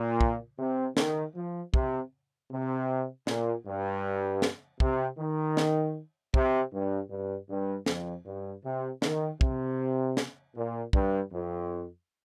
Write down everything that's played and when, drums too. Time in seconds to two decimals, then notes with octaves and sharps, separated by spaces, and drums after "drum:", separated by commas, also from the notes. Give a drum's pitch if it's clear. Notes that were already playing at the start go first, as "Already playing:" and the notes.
Already playing: A#2
0.21 drum: kick
0.59 C3
0.97 D#3, drum: snare
1.35 F3
1.74 C3, drum: kick
2.51 C3
3.27 A#2, drum: snare
3.66 G2
4.42 drum: snare
4.80 C3, drum: kick
5.18 D#3
5.57 drum: snare
6.34 C3, drum: kick
6.73 G2
7.10 G2
7.49 G2
7.86 F2, drum: snare
8.26 G2
8.63 C3
9.02 D#3, drum: snare
9.41 C3, drum: kick
10.17 drum: snare
10.55 A#2
10.93 G2, drum: kick
11.32 F2